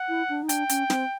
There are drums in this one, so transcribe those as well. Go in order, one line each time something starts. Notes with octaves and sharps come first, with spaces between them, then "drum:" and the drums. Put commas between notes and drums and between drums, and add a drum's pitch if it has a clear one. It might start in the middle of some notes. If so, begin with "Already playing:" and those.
Already playing: F#5
E4
D4
D#4
D4 G5, drum: hi-hat
C#4, drum: hi-hat
C4, drum: snare